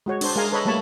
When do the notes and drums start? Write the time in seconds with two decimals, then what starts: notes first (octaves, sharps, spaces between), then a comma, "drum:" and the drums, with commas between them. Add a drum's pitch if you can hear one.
0.06 G#3 F#4 C#5
0.21 D4 C5, drum: cymbal
0.36 G#3 G#4 A#4 F5 G#5 A#5
0.52 A4 B4 C#5 D#5 B5
0.65 G3 A3 A#3 C#5 A5 B5